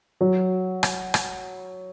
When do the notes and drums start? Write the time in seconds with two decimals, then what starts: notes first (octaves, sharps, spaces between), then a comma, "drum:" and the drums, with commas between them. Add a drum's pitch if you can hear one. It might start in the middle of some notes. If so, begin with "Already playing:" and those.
0.21 F#3
0.83 drum: rim click
1.14 drum: rim click